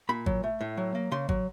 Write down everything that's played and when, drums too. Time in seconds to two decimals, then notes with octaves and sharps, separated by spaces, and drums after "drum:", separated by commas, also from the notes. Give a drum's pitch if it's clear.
0.09 A#2 B5
0.26 F#3, drum: kick G#1
0.44 A3
0.61 A2
0.77 F#3
0.95 A#3
1.12 C#3 C6
1.29 F#3, drum: kick G#1